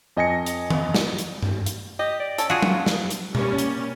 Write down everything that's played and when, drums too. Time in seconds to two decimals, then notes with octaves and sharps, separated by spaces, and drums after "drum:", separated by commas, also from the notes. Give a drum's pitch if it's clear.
0.17 F2 D#5 G#5 A#6 C#7
0.46 drum: hi-hat
0.70 drum: tom D#3
0.94 drum: snare
1.18 drum: hi-hat
1.42 drum: tom G2
1.66 drum: hi-hat
1.99 G4 D#5
2.20 D5
2.38 C#4 A4, drum: hi-hat
2.50 F4 F#4 G#4
2.62 drum: tom F#3
2.86 drum: snare
3.10 drum: hi-hat
3.35 G3 A#3 C#4, drum: tom B2
3.58 drum: hi-hat